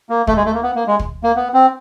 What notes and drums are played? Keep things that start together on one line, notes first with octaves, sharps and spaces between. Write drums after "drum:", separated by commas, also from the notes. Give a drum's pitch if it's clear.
A#3
A3, drum: kick
G#3
A3
A#3
B3
A#3
G#3
drum: kick
A#3
B3
C4